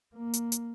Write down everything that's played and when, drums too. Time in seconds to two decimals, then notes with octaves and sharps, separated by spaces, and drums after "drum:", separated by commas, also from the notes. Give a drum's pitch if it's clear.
0.15 A#3
0.33 drum: hi-hat
0.52 drum: hi-hat